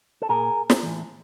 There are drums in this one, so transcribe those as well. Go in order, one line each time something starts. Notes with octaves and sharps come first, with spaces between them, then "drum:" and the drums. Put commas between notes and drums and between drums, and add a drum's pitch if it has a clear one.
A4
A#2 G#4 A#4
drum: snare
A2 E3